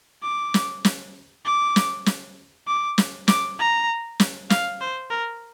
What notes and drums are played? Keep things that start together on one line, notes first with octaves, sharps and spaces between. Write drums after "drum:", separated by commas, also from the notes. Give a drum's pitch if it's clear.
D6
drum: snare
drum: snare
D6
drum: snare
drum: snare
D6
drum: snare
D6, drum: snare
A#5
drum: snare
F5, drum: snare
C5
A#4